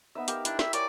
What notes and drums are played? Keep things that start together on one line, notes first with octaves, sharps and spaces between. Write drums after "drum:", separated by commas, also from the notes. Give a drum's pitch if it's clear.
B3 D#4 E5
G4 A#4 F5, drum: hi-hat
D4 E4, drum: hi-hat
E5, drum: snare
A#4 C#5 D5 G#5, drum: hi-hat